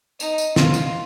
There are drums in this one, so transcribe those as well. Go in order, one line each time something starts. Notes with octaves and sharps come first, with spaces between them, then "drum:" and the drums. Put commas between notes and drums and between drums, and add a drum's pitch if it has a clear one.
D#4, drum: tambourine
drum: tambourine
F4, drum: snare
drum: tambourine